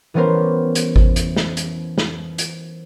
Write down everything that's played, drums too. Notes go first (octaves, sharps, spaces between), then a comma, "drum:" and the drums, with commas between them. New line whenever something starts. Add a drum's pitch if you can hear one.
E3 G3 B3 C#4 A#4 C5
drum: hi-hat
drum: kick G#1
drum: hi-hat
drum: snare
drum: hi-hat
drum: snare
drum: hi-hat